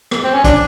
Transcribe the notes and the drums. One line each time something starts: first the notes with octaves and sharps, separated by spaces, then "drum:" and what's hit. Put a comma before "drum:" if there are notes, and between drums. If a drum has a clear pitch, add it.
drum: rim click
C4
C#4
D4, drum: kick, hi-hat